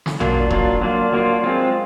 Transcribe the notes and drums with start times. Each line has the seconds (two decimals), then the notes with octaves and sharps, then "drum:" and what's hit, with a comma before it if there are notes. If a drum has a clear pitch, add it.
0.06 drum: snare
0.20 F#3 A#3 D4 F4, drum: tom
0.51 F#3 A#3 D4 F4, drum: kick E1
0.81 F#3 A#3 D4 F4
1.13 F#3 A#3 D4 F4
1.44 G#3 C4 F4